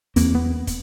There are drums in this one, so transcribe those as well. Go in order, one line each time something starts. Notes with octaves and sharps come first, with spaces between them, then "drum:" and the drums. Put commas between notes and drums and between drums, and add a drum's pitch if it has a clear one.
E2 A#3 C4, drum: hi-hat
B3
drum: kick, hi-hat